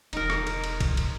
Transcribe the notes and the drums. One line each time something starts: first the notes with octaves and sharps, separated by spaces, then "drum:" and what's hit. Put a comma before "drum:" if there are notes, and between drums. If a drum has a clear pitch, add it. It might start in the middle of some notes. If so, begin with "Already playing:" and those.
E1 D#4 A#4, drum: cymbal
drum: rim click
drum: cymbal
drum: cymbal
drum: kick, cymbal
drum: cymbal